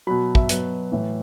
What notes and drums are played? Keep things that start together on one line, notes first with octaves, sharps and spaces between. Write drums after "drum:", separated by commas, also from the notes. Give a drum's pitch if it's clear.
B2 F#3 B5
E5, drum: kick
B2 F#3 B4, drum: hi-hat
A2 E3